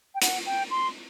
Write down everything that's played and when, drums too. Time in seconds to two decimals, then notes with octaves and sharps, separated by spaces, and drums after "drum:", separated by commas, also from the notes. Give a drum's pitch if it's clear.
0.15 G5
0.22 F#5, drum: hi-hat
0.46 G5
0.71 C6